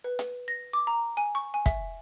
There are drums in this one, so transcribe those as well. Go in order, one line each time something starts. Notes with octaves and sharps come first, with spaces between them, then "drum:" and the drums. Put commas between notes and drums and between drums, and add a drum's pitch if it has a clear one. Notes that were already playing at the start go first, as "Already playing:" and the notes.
B4
drum: hi-hat
A#6
D6
A#5
G#5
C#6
G#5
E5, drum: kick, hi-hat